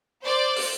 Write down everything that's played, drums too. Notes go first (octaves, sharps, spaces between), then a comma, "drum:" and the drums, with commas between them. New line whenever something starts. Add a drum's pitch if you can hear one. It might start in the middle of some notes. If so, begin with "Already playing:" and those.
C5 D5
drum: open hi-hat